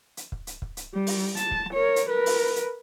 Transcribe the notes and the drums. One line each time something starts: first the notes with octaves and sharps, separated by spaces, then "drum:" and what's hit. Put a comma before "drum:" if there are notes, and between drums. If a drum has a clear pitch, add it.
drum: hi-hat
drum: kick
drum: hi-hat
drum: kick
drum: hi-hat
G3
drum: open hi-hat
A5, drum: hi-hat
drum: kick
A#4 C#5
drum: hi-hat
A#4 B4
drum: open hi-hat
drum: hi-hat